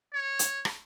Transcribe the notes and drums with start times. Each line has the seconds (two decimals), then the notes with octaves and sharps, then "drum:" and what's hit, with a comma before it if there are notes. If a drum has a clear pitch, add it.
0.13 C#5
0.39 drum: hi-hat
0.65 drum: rim click